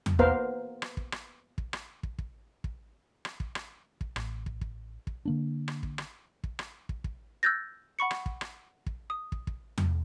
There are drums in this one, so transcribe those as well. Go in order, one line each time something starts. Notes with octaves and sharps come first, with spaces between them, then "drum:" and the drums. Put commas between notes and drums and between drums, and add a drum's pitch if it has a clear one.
drum: tom E2
A#3 B3 A#4 C5 F5, drum: kick
drum: rim click
drum: kick
drum: rim click
drum: kick
drum: rim click
drum: kick
drum: kick
drum: kick
drum: rim click
drum: kick
drum: rim click
drum: kick
A1, drum: rim click
drum: kick
drum: kick
drum: kick
D3 A#3 D4
drum: rim click
drum: kick
drum: rim click
drum: kick
drum: rim click
drum: kick
drum: kick
E6 F#6 G6 A6 A#6
F#5 B5 C#6 C#7
drum: rim click
drum: kick
drum: rim click
drum: kick
D#6
drum: kick
drum: kick
drum: tom E2